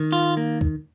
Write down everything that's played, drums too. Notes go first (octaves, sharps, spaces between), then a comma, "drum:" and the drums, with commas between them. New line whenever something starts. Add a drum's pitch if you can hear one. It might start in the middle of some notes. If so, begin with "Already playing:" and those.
Already playing: D#3
F4
A#3
drum: kick C#2